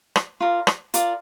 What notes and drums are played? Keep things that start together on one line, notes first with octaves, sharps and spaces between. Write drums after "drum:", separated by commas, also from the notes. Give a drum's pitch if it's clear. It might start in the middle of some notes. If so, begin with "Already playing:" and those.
drum: rim click
F4 A#4 D5
drum: rim click
F4 A#4 D5, drum: hi-hat